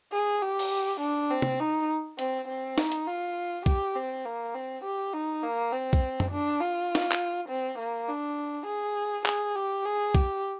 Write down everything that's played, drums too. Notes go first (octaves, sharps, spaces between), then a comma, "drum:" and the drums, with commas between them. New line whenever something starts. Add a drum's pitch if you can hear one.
G#4
G4
drum: cymbal
D4
C4
drum: tom C3
D#4
C4, drum: hi-hat
C4
D#4, drum: snare
drum: hi-hat
F4
G4, drum: kick
C4
A#3
C4
G4
D#4
A#3
C4
drum: kick
drum: tom F#2
D4
F4
drum: snare
drum: clap
C4
A#3
D4
G#4
G#4, drum: clap
G4
G#4
G4, drum: kick